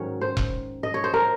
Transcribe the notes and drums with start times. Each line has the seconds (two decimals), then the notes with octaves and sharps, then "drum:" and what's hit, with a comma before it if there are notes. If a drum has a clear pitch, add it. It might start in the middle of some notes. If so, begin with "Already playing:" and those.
Already playing: G#2 D#3 F#3 C#4 C#5
0.21 C5
0.37 drum: kick E1
0.83 D#5
0.94 C#5
1.04 C5
1.14 A#4